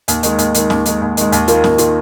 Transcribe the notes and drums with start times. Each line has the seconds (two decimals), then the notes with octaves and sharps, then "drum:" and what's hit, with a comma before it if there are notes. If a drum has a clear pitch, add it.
0.08 D#2, drum: hi-hat
0.23 D#3 G#3, drum: hi-hat
0.38 D#2, drum: hi-hat
0.54 D#3 G#3, drum: hi-hat
0.70 D#2, drum: snare C#4
0.85 D#3 G#3, drum: hi-hat
1.02 D#2
1.17 D#3 G#3, drum: hi-hat
1.32 D#2, drum: hi-hat
1.48 D#3 A#3 F4, drum: hi-hat
1.64 D#2, drum: snare C#4
1.78 D#3 A#3 F4, drum: hi-hat